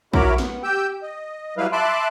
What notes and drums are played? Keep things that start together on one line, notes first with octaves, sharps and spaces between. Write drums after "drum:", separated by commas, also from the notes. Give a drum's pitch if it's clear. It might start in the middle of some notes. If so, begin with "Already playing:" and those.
E4 F#4 A#4 C#5 B5 D6, drum: kick
B3, drum: snare
G4 G5 E6 G6
D#5
F#3 G3 E4 B4 F5
E5 A5 B5 C6 D6 F#6